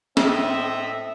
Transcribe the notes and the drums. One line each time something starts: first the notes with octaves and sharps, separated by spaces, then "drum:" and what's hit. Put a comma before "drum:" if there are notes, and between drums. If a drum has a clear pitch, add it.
A2 C4 D#5 E5, drum: snare